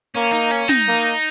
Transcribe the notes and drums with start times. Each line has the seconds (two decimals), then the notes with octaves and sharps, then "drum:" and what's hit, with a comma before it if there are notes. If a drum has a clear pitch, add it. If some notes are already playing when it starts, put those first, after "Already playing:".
0.15 A#3 C#4
0.33 D#4
0.52 C#4
0.69 D#4, drum: snare
0.88 A#3